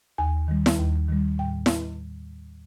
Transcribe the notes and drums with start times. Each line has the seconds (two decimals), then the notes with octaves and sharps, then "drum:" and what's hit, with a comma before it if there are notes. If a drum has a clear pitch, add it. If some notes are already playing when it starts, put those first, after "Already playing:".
0.18 D#2 G#5
0.48 D#3 G3
0.66 drum: snare E4
0.79 D#2
1.09 D#3 G3
1.38 A2 G5
1.66 drum: snare E4